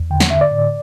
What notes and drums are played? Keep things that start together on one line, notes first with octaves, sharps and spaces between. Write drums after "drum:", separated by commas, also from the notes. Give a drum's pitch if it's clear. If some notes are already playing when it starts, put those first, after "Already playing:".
Already playing: E2
D3 G5
F#5, drum: snare
D3 E5
D5
A2